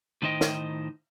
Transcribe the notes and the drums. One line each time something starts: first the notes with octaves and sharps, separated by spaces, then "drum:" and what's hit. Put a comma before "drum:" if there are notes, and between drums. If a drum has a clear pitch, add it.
A2 D#3 D#4 C5 D#5 G5
drum: snare